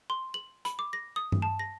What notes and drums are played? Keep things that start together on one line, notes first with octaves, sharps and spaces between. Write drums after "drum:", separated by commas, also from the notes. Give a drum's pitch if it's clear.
C6
F#7
B5, drum: hi-hat
D6
A#6
D#6
drum: tom G2
A5
A#6